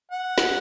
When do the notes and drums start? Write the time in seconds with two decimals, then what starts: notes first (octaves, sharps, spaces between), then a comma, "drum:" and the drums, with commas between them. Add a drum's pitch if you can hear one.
0.12 F#5
0.38 drum: snare